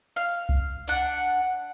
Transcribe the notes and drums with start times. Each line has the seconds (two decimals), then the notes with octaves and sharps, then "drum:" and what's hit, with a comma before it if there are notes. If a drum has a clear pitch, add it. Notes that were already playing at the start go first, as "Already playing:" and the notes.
0.16 F5
0.49 drum: kick C2
0.88 D4 F#5